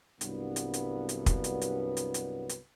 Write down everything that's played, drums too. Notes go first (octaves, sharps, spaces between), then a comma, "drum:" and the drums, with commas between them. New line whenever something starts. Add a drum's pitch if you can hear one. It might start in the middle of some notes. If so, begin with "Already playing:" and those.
C2 G2 F#3 B3, drum: hi-hat
drum: hi-hat
drum: hi-hat
drum: hi-hat
drum: kick, hi-hat
drum: hi-hat
drum: hi-hat
drum: hi-hat
drum: hi-hat
drum: hi-hat